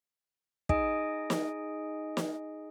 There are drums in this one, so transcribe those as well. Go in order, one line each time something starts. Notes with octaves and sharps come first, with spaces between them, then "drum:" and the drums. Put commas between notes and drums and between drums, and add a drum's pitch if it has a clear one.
D#4 G#4 D#5 G#5 D#6 D7, drum: kick
drum: snare
drum: snare